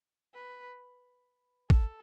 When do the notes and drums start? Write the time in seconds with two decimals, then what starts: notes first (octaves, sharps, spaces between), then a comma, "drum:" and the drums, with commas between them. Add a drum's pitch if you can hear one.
0.34 B4
1.70 A4, drum: kick